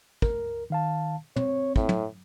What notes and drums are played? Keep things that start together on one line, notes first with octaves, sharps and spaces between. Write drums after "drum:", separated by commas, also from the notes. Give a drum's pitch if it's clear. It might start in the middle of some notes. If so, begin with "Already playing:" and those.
C#2 A#4, drum: kick
D#3 F5 A5
C4 C#5, drum: tom
A2, drum: kick
drum: tom